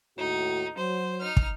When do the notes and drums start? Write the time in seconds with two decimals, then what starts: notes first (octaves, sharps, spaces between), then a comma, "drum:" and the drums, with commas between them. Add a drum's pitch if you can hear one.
0.17 D#2 A2 D#4 F#4
0.77 F#3 C5
1.20 D#4 F6
1.37 drum: kick